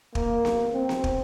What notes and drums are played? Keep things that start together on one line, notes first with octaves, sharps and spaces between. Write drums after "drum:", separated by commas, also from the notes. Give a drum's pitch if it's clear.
A#3, drum: kick
drum: snare B3
C4
drum: snare B3
drum: kick